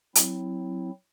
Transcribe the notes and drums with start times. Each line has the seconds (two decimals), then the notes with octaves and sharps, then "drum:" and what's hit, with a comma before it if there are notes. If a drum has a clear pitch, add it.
0.15 F#3 C4 E4, drum: hi-hat